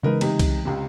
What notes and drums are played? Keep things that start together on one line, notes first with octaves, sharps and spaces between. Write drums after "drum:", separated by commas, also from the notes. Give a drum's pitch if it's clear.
C#3 E3 G#3 D#4 A#4 B4
C3 D#4, drum: cymbal
drum: kick C2, cymbal
C#2 C3